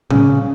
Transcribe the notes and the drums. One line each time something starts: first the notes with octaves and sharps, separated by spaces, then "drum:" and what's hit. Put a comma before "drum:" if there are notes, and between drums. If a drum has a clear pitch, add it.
C#3, drum: tom A2